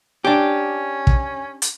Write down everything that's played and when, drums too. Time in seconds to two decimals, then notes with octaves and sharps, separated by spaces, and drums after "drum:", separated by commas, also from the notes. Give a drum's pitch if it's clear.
0.25 C#4 D4 G4
1.07 drum: kick
1.62 drum: hi-hat